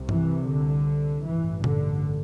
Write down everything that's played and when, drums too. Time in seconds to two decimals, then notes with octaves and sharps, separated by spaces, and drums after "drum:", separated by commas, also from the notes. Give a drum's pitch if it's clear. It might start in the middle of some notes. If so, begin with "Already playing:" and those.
Already playing: C2 C3
0.09 E3, drum: tom G2
0.47 D3
1.25 A1 G2 E3
1.64 D3, drum: tom A#2